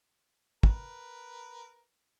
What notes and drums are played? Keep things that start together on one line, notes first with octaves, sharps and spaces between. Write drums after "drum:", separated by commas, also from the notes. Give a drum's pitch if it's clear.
A#4 B4, drum: kick